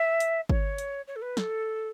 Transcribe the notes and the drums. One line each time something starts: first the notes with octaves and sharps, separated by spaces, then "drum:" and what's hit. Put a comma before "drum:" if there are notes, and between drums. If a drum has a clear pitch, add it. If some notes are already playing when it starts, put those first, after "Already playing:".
Already playing: E5
drum: hi-hat
C#5, drum: kick
drum: hi-hat
C#5
A4
B4
A4, drum: snare